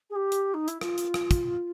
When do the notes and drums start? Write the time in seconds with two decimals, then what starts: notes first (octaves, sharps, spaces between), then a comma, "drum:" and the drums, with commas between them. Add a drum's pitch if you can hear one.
0.10 G#4
0.15 G4
0.32 drum: hi-hat
0.54 D#4
0.68 E4, drum: hi-hat
0.81 F4, drum: rim click
0.98 drum: hi-hat
1.14 drum: rim click
1.31 drum: kick, hi-hat